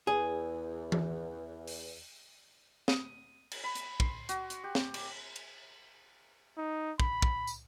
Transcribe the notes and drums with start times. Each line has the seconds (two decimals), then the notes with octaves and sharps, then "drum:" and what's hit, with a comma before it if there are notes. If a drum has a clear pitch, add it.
0.07 E2 G#4
0.92 drum: tom E3
1.67 drum: open hi-hat
2.88 D#6, drum: snare
3.51 drum: cymbal
3.64 B5
3.75 drum: hi-hat
4.00 C6, drum: kick
4.29 F#4, drum: hi-hat
4.50 drum: hi-hat
4.64 G4
4.75 drum: snare
4.94 D6, drum: cymbal
5.36 drum: cymbal
6.57 D#4
7.00 B5, drum: kick
7.22 drum: kick
7.47 drum: tambourine